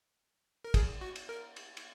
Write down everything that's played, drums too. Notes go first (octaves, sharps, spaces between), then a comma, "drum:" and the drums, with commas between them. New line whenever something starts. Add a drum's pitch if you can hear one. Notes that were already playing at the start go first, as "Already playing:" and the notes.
A#4
G#4, drum: kick, cymbal
F#4
drum: cymbal
A#4
drum: cymbal
drum: cymbal